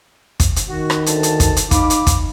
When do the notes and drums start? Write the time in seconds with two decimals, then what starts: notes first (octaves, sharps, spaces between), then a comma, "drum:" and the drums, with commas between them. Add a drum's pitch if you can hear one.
0.40 drum: kick, hi-hat
0.56 drum: hi-hat
0.68 D#3 F#4
0.90 drum: rim click
1.06 D2 A5, drum: hi-hat
1.23 drum: hi-hat
1.40 drum: kick, hi-hat
1.56 drum: hi-hat
1.71 D#4 F5 B5 D6, drum: kick, hi-hat
1.90 drum: hi-hat
2.07 drum: kick, hi-hat